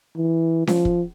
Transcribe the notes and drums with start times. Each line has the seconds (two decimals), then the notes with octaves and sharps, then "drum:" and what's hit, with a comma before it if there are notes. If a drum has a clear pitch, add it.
0.17 E3
0.67 F3, drum: snare C#4
0.85 drum: kick